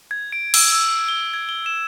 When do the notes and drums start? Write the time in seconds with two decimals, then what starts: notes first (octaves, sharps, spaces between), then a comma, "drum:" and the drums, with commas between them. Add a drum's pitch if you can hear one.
0.11 G#6
0.32 D7
0.54 E6, drum: cymbal
0.72 E6
1.09 G7
1.34 G#6
1.49 G7
1.66 E7